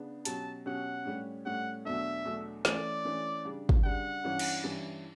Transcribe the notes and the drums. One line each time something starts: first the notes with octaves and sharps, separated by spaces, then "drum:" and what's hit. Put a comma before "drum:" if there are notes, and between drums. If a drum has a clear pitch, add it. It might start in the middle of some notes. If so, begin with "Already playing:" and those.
Already playing: C#3 B3 D4
B2 F#3 C#4 G4 A5, drum: hi-hat
B2 F#3 C#4 G4 F#5
A2 G3 C#4 G4
A2 G3 C#4 G4 F#5
E2 B2 F#3 A3 D4 E5
E2 B2 F#3 A3 D4
E3 A3 C#4 D5, drum: snare
E3 A3 C#4
C#3 G3 D4
drum: kick
C#3 G3 D4 F#5
G2 E3 G3 C#4 E4
drum: cymbal
G2 E3 G3 C#4 E4